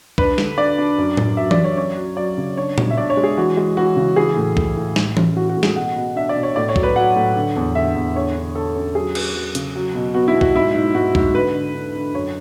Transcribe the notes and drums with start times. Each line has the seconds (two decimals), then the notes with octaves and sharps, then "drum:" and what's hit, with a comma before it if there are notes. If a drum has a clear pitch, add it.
0.18 D4 B4, drum: kick
0.38 D3, drum: snare
0.57 D4 D5
0.78 D4
0.98 F#2
1.17 F#2, drum: tom A2
1.37 F#3 E5
1.51 D5, drum: tom E3
1.57 F#2
1.64 C#5
1.77 C#4 C#5
1.97 F#3
2.17 F#3 D5
2.37 C#3
2.57 D4 C#5
2.78 B2, drum: tom A#2
2.90 E5
2.97 D4 D5
3.10 C#5
3.17 G#3
3.23 G#4
3.37 E3 F#4
3.57 G#3
3.77 E3 F#4
3.96 C#3
4.16 E3 G#4
4.36 A2
4.57 A2, drum: kick
4.77 A2
4.96 A2, drum: snare
5.17 C#4, drum: tom E3
5.36 E3 F#4
5.49 F#4
5.57 A2
5.63 G#4, drum: snare
5.76 B2 F#5
5.96 B2
6.16 D4 E5
6.29 D5
6.36 B2
6.43 C#5
6.56 A2 D5
6.69 C#5
6.76 F#3, drum: kick
6.83 B4
6.95 F#3 F#5
7.16 A2
7.36 D3
7.56 E2
7.75 D3 E5
7.96 E2
8.15 D3 C#5
8.36 D3
8.55 D3 A4
8.76 C#4
8.95 F#3 G#4
9.15 F#3, drum: cymbal
9.36 F#3
9.55 C#3, drum: hi-hat
9.75 F#3
9.95 B2
10.14 B3 F#4
10.28 E4
10.35 B2
10.41 F#4, drum: kick
10.55 G#2 E4
10.75 G#2
10.95 G#2 F#4
11.15 G#2, drum: kick
11.34 D3 B4
11.54 D3
11.75 D3
11.95 D3
12.14 F#2 C#5